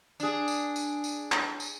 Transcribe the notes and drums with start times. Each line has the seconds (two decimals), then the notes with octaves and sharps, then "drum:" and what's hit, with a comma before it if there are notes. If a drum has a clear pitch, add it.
0.20 D4 G#4, drum: tambourine
0.48 drum: tambourine
0.76 drum: tambourine
1.04 drum: tambourine
1.32 drum: clap
1.60 drum: tambourine